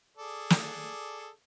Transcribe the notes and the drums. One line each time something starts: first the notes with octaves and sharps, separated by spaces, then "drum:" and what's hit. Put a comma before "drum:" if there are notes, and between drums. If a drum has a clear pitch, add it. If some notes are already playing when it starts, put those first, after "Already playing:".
G#4 A4 D5
drum: snare